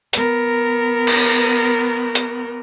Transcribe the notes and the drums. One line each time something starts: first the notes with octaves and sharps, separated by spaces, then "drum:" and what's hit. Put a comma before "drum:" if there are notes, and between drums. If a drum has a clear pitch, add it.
B3 A#4, drum: hi-hat
drum: cymbal
drum: hi-hat